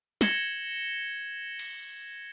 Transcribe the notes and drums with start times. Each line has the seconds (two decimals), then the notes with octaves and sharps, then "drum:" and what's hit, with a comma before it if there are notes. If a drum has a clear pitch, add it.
0.21 G#6 A#6 C#7 E7 F#7 G7, drum: snare
1.59 drum: cymbal